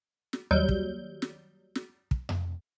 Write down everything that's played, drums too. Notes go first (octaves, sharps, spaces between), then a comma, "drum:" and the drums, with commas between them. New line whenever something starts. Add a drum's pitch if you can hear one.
drum: snare
D#2 F#3 G3 G6
drum: kick
drum: snare
drum: snare
drum: kick
drum: tom F2